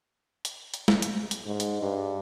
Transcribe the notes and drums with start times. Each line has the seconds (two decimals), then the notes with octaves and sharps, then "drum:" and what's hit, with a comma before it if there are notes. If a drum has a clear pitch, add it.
0.45 drum: hi-hat
0.74 drum: hi-hat
0.88 drum: snare
1.02 drum: hi-hat
1.31 drum: hi-hat
1.46 G#2
1.60 drum: hi-hat
1.81 G2